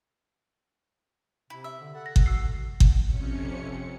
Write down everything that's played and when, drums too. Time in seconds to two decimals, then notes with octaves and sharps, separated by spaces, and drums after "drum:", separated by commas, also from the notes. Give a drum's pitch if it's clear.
1.50 C3 E4
1.64 E5
1.81 D3
1.94 A4 F#5
2.06 A#6
2.16 drum: kick G1
2.26 F#4 E6 C7
2.80 drum: kick G1
3.06 F2 C3 C#4 C#7